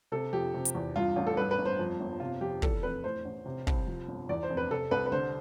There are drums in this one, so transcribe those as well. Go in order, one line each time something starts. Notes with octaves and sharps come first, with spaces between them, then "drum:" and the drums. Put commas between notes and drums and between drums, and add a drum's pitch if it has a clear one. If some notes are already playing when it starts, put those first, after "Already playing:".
C3 A4
F2 G4
C3
drum: hi-hat
E2
G2 F4
A1 F4
A4
G2 B4
B4
G1
C5
F2
G1
C3 F4
F2 G4
E2 A4, drum: kick
F1 B4
A2 C5
A1
C3
C2, drum: kick
F2
G1
E2 D5
C5
F1
B4
C3 A4
C2 B4
B4
D3 C5